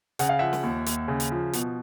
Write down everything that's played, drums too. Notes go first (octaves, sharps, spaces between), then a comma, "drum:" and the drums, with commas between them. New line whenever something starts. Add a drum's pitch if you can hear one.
C#3 F#5, drum: hi-hat
F5
F3 E5 F#5
drum: snare
D#2
D#2, drum: hi-hat
C#3
drum: hi-hat
F3
B2, drum: hi-hat